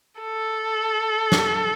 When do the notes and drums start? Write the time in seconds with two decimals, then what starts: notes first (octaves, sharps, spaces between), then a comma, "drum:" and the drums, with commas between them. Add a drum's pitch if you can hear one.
0.21 A4
1.32 drum: snare